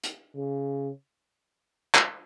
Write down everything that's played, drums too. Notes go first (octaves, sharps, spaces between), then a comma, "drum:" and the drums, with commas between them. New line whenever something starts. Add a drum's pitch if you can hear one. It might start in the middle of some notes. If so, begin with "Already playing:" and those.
drum: hi-hat
C#3
drum: clap